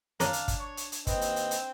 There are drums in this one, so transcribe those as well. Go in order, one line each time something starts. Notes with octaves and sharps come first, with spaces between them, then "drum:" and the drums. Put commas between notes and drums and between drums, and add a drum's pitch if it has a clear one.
C#4 D4 A#4 F5, drum: hi-hat
drum: hi-hat
drum: kick, hi-hat
C#5
drum: hi-hat
drum: hi-hat
D#2 C4 B4 D#5, drum: kick, hi-hat
drum: hi-hat
drum: hi-hat
drum: hi-hat